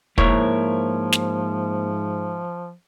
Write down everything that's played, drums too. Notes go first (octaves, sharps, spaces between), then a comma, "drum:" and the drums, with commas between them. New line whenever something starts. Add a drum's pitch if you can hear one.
G#2 F3 A#3 E4 A#4 C#5, drum: kick
drum: snare